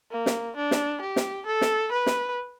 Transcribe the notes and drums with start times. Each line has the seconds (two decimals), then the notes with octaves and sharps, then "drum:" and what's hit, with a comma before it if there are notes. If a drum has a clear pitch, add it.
0.11 A#3
0.26 drum: snare
0.56 D4
0.71 drum: snare
1.01 G4
1.16 drum: snare
1.46 A4
1.61 drum: snare
1.92 B4
2.06 drum: snare